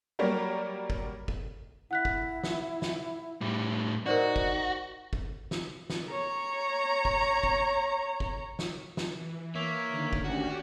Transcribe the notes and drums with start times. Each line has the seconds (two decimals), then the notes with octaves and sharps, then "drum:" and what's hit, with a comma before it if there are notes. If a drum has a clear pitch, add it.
0.19 F#3 G3 A#3 C#5
0.90 drum: kick
1.28 drum: kick
1.91 E4 F#5 F#6 B6
2.05 drum: kick
2.44 drum: snare
2.82 drum: snare
3.41 A2 G3
4.06 D#4 F#4 A#4 C5 D5
4.36 drum: kick
5.13 drum: kick
5.51 drum: snare
5.90 drum: snare
6.09 C#5 A#5
7.05 drum: kick
7.43 drum: kick
8.20 drum: kick
8.59 drum: snare
8.97 drum: snare
9.13 E3
9.55 A#3 C#5 E5
9.89 D3 D#3
10.13 drum: kick
10.24 D2 C#4 D4 F#4 G4